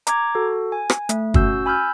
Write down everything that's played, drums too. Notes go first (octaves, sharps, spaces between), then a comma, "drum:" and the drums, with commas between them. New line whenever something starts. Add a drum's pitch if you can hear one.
A#5 D6 G#6, drum: hi-hat
F#4 A4
G#5
drum: rim click
A3, drum: hi-hat
C#4 F#4 E6 G6, drum: kick
G#5 B5 E6 F6 G6